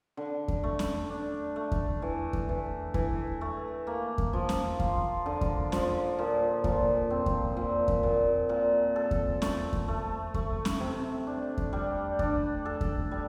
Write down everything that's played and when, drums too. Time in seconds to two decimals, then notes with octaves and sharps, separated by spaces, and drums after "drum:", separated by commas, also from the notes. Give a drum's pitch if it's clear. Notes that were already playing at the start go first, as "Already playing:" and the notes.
0.17 D3
0.48 drum: kick E2
0.63 A3
0.79 drum: snare C#4
1.10 D4
1.56 A3
1.72 drum: kick E2
2.02 E3
2.33 drum: kick E2
2.49 E3
2.94 E3, drum: kick E2
3.41 A3
3.87 A#3
4.18 drum: kick E2
4.33 F3
4.49 drum: snare C#4
4.79 F4, drum: kick E2
5.26 D3
5.41 drum: kick E2
5.72 F3, drum: snare C#4
6.18 A#2
6.64 A#2, drum: kick E2
7.10 C4
7.26 drum: kick E2
7.57 A#2
7.88 drum: kick E2
8.03 A#2
8.49 A#2
8.96 A4
9.11 drum: kick E2
9.42 A3, drum: snare C#4
9.73 drum: kick E2
9.88 A3
10.34 A3, drum: kick E2
10.65 drum: snare C#4
10.80 C3
11.27 D4
11.57 drum: kick E2
11.73 G3
12.19 D4, drum: kick E2
12.65 A4
12.81 drum: kick E2
13.11 G3